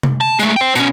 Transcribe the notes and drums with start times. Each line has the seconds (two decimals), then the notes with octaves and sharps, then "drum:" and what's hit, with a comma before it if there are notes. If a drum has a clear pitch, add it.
0.03 drum: tom C3
0.21 A5
0.39 G#3 A3, drum: hi-hat
0.56 C5 G5
0.75 B2 C#4, drum: hi-hat